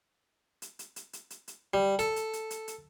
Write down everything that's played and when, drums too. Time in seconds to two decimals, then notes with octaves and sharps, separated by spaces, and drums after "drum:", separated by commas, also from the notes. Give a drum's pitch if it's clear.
0.62 drum: hi-hat
0.79 drum: hi-hat
0.96 drum: hi-hat
1.13 drum: hi-hat
1.30 drum: hi-hat
1.48 drum: hi-hat
1.74 G3
1.99 A4, drum: hi-hat
2.16 drum: hi-hat
2.33 drum: hi-hat
2.50 drum: hi-hat
2.68 drum: hi-hat